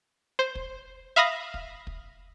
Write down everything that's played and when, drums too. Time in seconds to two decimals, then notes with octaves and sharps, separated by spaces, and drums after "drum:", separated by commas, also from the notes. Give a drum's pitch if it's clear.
0.39 C5
0.55 drum: kick
1.16 E5 F5 B5 D#6 A#6
1.54 drum: kick
1.87 drum: kick